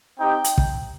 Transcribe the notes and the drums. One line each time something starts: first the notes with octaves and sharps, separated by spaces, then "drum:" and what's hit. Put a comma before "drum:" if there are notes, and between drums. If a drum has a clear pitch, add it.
C4 D#4 G4 G5
drum: hi-hat
drum: kick